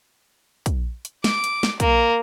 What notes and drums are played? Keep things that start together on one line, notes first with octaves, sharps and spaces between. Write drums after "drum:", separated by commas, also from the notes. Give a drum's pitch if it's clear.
drum: kick, hi-hat
drum: hi-hat
D6, drum: snare
drum: hi-hat
drum: snare
A#3, drum: kick, hi-hat